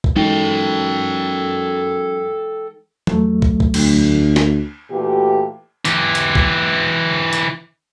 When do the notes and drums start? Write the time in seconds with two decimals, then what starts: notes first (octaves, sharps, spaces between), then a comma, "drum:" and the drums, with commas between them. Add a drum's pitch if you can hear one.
0.04 drum: kick
0.16 F#2 E3 G#3 D#4 A4 G5
3.07 E2 F#3 A3, drum: tom F3
3.42 drum: kick
3.60 drum: kick
3.74 D2, drum: cymbal
4.36 drum: snare
4.91 A#2 E3 A3 F#4 G4
5.85 E3 G4, drum: hi-hat
6.15 drum: hi-hat
6.35 drum: kick
7.33 drum: hi-hat